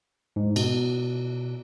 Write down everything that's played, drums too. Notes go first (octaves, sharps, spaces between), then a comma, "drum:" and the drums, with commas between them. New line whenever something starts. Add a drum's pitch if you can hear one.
G#2
B2, drum: cymbal